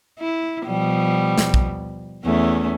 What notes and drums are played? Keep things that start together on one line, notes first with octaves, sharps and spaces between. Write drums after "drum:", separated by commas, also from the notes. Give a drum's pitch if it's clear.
E4
B2 F3 G3
drum: snare
drum: kick
E2 A3 C#4